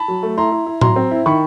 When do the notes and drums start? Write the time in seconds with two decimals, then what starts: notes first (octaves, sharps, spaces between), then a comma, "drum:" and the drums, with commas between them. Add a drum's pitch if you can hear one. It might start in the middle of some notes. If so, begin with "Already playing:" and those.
Already playing: A5 B5
0.08 F#3
0.23 A3
0.37 E4 A#5 C6
0.52 E4
0.66 E4
0.81 F#3 A#5 C6, drum: tom A2
0.96 C4
1.11 E4
1.26 D#3 B5 C#6